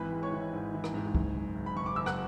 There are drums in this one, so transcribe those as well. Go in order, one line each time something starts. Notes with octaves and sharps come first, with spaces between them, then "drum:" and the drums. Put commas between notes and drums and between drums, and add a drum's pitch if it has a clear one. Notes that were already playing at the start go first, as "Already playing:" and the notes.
Already playing: G#1 E3 B4 B5
G#3
C#5 C#6
E3
G#2
E3
drum: rim click
G#2
F#1, drum: kick
F#1
F#1
B5
F#1 C#6
D6
F#1 E6
F#5 F#6, drum: rim click